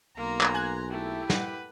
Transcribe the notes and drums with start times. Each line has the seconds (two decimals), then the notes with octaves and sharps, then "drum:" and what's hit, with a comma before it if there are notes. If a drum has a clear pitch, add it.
0.17 B1 A#3 A#5 C6
0.41 drum: clap
0.54 G#5 F#6 G#6
0.90 A3 E4 G4
1.30 B4 F#5, drum: snare